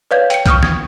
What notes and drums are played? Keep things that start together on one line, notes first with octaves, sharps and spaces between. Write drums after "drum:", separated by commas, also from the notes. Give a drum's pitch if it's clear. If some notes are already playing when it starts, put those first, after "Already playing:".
B4 C#5 D5 F5 G6 G#6
G5 C#7, drum: hi-hat
C#6 D#6 F6 G6, drum: kick C2, hi-hat
G#6, drum: snare